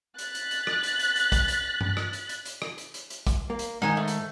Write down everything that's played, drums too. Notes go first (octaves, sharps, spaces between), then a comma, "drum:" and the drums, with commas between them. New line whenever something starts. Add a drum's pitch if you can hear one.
F#6 A6 B6, drum: hi-hat
drum: hi-hat
drum: hi-hat
drum: rim click
drum: hi-hat
drum: hi-hat
drum: hi-hat
drum: kick, hi-hat
drum: hi-hat
drum: tom G2
drum: rim click
drum: hi-hat
drum: hi-hat
drum: hi-hat
drum: rim click
drum: hi-hat
drum: hi-hat
drum: hi-hat
drum: kick, hi-hat
A#3
drum: hi-hat
G#2 D#3 D#4 G#5
A3
drum: hi-hat